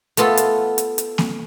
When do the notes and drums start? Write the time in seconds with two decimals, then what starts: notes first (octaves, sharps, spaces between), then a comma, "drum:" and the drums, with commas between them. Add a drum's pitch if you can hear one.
0.17 A3 B3 F4 A4, drum: hi-hat
0.37 drum: hi-hat
0.78 drum: hi-hat
0.98 drum: hi-hat
1.18 drum: snare A#3